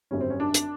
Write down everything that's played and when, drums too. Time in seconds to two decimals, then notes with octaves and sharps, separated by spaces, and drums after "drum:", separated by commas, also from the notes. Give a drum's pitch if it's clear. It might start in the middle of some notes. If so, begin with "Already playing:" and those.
0.11 G#1 F#2 D3 G3 C#4
0.21 C4
0.30 C#4
0.40 D4
0.54 drum: hi-hat